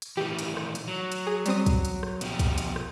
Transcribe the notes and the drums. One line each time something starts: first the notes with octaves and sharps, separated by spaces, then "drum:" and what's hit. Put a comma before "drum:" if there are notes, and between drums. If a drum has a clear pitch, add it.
drum: hi-hat
A2 D#3 E3 G4
drum: hi-hat
drum: rim click
drum: hi-hat
F#3
drum: hi-hat
G#4
G3 C4 D#6, drum: hi-hat
drum: kick, hi-hat
drum: hi-hat
drum: rim click
B2 F3 G4, drum: hi-hat
drum: kick, hi-hat
drum: hi-hat
drum: rim click